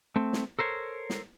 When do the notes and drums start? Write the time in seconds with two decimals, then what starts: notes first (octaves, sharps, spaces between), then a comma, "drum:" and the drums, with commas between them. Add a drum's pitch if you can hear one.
0.16 A3 C4
0.33 drum: snare
0.59 A4 A#4 C5 C#5
1.10 drum: snare